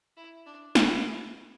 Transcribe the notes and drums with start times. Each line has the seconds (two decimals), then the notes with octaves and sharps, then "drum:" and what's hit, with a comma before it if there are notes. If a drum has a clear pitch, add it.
0.17 E4
0.46 D4
0.75 E4, drum: snare